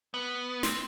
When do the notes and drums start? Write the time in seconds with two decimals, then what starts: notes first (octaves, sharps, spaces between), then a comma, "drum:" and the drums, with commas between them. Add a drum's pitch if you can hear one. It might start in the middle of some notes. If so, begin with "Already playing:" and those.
0.14 B3
0.63 C4, drum: snare